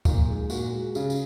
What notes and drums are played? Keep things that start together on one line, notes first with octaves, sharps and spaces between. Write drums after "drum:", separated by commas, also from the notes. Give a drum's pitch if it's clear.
A#2 D#4, drum: kick, tambourine
G#3
A#2 F#4, drum: tambourine
G#3
C#3 G#4, drum: tambourine
drum: tambourine